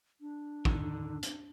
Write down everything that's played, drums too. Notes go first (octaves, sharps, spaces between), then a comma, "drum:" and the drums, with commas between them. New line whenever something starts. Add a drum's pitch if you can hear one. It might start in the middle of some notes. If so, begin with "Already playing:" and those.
D4
D3 D#3, drum: kick
drum: hi-hat